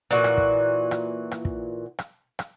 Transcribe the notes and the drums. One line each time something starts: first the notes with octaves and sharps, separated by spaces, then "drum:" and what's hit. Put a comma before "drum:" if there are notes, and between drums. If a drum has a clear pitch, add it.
A#2 E3 F#4
drum: rim click
drum: kick
drum: rim click
drum: rim click
drum: kick
drum: rim click
drum: rim click